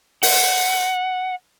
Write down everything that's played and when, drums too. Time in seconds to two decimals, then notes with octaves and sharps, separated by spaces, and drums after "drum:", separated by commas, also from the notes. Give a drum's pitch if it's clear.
0.23 F#5, drum: open hi-hat